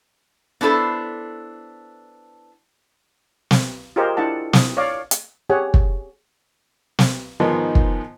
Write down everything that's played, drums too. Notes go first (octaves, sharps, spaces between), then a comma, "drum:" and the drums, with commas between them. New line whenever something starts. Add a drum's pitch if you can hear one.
B3 D4 E4 A4 C5
drum: snare
F4 G4 G#4 A#4 C5 D#5
D4 E4 F#5 A5
D#6, drum: snare
C#5 D5 F5 D6
drum: hi-hat
G4 G#4 C#5 F#5
drum: kick
drum: snare
G#2 D#3 F3 B3
drum: kick